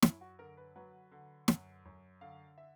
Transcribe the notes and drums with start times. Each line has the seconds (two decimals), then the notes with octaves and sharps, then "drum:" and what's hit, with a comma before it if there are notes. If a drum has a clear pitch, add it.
0.02 F#2 E4, drum: snare
0.21 F#4
0.39 D3 A#4
0.57 B4
0.76 F#3 B4
1.11 D3
1.48 F#2, drum: snare
1.85 F#2
2.21 D3 F5
2.58 E5